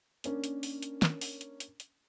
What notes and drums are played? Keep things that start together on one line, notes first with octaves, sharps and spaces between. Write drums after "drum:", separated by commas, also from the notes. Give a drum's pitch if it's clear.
A#3 C#4 D4, drum: hi-hat
drum: hi-hat
drum: open hi-hat
drum: hi-hat
drum: snare
drum: open hi-hat
drum: hi-hat
drum: hi-hat
drum: hi-hat